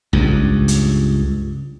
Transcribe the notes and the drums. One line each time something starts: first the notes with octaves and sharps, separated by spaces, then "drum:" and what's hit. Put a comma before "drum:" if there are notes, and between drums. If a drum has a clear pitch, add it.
C#2 G2, drum: tom A#1
drum: hi-hat